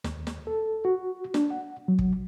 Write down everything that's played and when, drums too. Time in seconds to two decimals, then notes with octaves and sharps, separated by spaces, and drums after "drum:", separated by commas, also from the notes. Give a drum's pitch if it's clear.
0.04 D#2, drum: snare
0.27 drum: snare
0.47 A4
0.85 F#4
1.34 D4, drum: snare
1.50 F#5
1.88 F#3
1.99 drum: kick